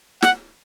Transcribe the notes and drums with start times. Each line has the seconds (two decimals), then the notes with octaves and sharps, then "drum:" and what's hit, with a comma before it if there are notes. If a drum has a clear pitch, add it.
0.22 F#5, drum: snare